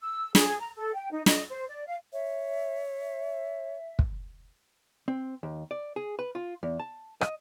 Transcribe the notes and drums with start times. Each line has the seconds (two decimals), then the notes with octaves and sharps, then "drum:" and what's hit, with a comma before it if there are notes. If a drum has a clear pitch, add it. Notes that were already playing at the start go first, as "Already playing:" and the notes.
0.01 E6
0.35 G#4, drum: snare
0.60 A#5
0.76 A4
0.94 G5
1.12 D#4
1.26 D#5, drum: snare
1.51 C5
1.68 D5
1.87 F5
2.13 C#5 E5
3.99 drum: kick
5.08 C4
5.43 D#2
5.71 D5
5.96 G#4
6.19 B4
6.35 F4
6.63 E2
6.79 A5
7.21 D#5, drum: rim click